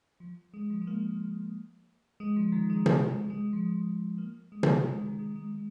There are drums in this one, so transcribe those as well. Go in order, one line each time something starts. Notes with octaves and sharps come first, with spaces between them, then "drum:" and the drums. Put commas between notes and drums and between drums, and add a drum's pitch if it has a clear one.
F3
G#3
F3
G#3
A#3
G#3
F3
D#3
G#3
G#3, drum: tom
G#3
G#3
F3
A#3
G#3
drum: tom
G#3
D#3
G#3
G#3
G#3